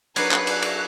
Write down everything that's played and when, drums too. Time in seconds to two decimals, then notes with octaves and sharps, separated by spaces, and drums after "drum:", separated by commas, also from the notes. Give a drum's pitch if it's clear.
0.16 F#3 D4 D#4 B4 F#6 G#6 C7 C#7, drum: cymbal
0.32 drum: clap
0.47 drum: cymbal
0.62 drum: cymbal